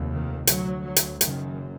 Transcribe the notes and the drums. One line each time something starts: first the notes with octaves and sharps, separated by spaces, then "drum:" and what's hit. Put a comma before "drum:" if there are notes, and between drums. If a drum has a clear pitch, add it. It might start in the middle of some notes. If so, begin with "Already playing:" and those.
Already playing: F1 D#2
D#3
D2 F#3, drum: hi-hat
F#3
drum: hi-hat
F#1 F#2 D#3, drum: hi-hat